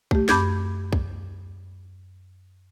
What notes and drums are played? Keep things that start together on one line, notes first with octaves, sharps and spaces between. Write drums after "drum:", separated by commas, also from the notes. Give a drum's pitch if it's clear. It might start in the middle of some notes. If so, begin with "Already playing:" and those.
A3 G4, drum: kick
F#2 B5 D6 G6 G#6, drum: snare
drum: kick